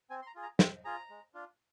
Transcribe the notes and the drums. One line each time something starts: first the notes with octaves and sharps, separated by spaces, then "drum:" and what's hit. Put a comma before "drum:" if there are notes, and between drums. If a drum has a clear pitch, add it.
C4 G#5
C6
A#5
F4 G#4
A#5
C4, drum: snare
F4 G#4 A#5
G#3
D4 F4